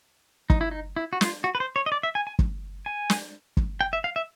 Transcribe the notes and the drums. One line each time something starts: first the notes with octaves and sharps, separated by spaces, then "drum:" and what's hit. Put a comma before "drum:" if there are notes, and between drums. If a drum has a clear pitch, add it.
D#4, drum: kick
E4
D#4
E4
F#4
F4, drum: snare
F#4
B4
C5
C#5
D#5
D5
E5
G#5
G#5
drum: kick
G#5
drum: snare
drum: kick
G5
E5
F5
E5